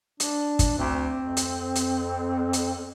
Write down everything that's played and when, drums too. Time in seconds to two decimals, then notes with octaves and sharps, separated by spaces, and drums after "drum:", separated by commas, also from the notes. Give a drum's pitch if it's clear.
0.20 D4, drum: hi-hat
0.59 drum: kick, hi-hat
0.79 D2 C4
1.22 F2
1.37 drum: hi-hat
1.76 drum: hi-hat
2.53 drum: hi-hat